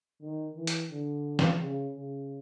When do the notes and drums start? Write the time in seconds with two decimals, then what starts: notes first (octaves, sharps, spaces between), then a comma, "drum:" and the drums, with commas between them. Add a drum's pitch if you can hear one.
0.22 D#3
0.57 E3
0.67 drum: hi-hat
0.90 D3
1.39 drum: snare
1.61 C#3
1.95 C#3